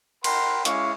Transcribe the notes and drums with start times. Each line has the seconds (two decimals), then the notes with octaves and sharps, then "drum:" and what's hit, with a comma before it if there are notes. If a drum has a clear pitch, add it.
0.24 A#4 F#5 G5 B5 C6, drum: cymbal
0.65 G#3 C#4 E4 F5 C#6 D6, drum: hi-hat